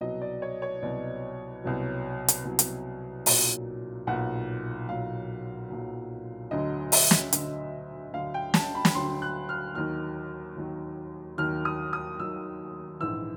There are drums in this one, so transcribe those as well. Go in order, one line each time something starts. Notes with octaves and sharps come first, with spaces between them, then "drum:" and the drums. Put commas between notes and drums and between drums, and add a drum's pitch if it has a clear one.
C2 B2 F#3 D#5
D5
C#5
C#5
C2 B2 F#3 D5
C2 B2 F#3
drum: hi-hat
C2 B2 F#3
drum: hi-hat
B1 A#2 F#3, drum: open hi-hat
B1 A#2 F#3 F#5
B1 A#2 F#3 F5
B1 A#2 F#3
D2 D3 F#3 D#5
E5, drum: open hi-hat
drum: snare
D2 D3 F#3, drum: hi-hat
D2 D3 F#3 F5
G5
A5, drum: snare
B5
drum: snare
D2 D3 F#3 C6
F#6
F6
D#2 D#3 F#3 F6
D#2 D#3 F#3
D#2 D#3 F#3 F6
D#6
D#6
D#2 D#3 F#3 E6
A#1 G#2 E3 E6